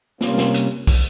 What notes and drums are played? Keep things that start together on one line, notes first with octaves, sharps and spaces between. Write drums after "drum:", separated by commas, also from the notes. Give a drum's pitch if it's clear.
C3 G3 A#3 C#4 F4, drum: snare
drum: snare
drum: hi-hat
drum: kick, open hi-hat